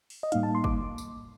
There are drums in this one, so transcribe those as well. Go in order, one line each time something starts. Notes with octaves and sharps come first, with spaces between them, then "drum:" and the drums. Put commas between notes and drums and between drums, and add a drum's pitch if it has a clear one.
drum: open hi-hat
D#5
A2 G3 A#3 D#4 F5, drum: hi-hat
A5
C6
D6, drum: kick F#1
drum: tambourine